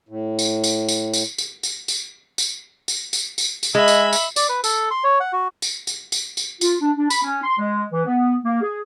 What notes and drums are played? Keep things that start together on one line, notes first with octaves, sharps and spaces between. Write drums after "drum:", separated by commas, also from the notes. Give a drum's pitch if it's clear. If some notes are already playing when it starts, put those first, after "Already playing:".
A2
drum: tambourine
drum: tambourine
drum: tambourine
drum: tambourine
drum: tambourine
drum: tambourine
drum: tambourine
drum: tambourine
drum: tambourine
drum: tambourine
drum: tambourine
drum: tambourine
G#3 E5 B5
drum: tambourine
drum: tambourine
D5, drum: tambourine
B4
A4, drum: tambourine
C6
C#5
F#5
F#4
drum: tambourine
drum: tambourine
drum: tambourine
drum: tambourine
F4, drum: tambourine
D4
D4
B5, drum: tambourine
C#4
C6
G#3
E3
B3
A#3
G#4